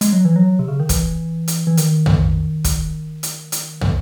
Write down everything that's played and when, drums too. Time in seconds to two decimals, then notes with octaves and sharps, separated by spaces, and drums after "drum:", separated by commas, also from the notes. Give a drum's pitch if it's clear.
0.01 G#3, drum: hi-hat
0.13 F#3
0.25 E3
0.36 F#3
0.59 C3
0.68 C#3
0.80 D#3
0.89 E3, drum: kick, hi-hat
1.48 drum: hi-hat
1.67 E3
1.77 D#3, drum: hi-hat
2.06 drum: tom
2.64 drum: kick, hi-hat
3.23 drum: hi-hat
3.52 drum: hi-hat
3.81 drum: tom